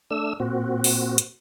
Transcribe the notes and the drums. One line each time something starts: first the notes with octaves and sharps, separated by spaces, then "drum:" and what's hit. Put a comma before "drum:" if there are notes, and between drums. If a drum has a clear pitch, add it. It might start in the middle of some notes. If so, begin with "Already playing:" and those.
A3 D4 E6
A#2 C4 F#4
drum: open hi-hat
drum: hi-hat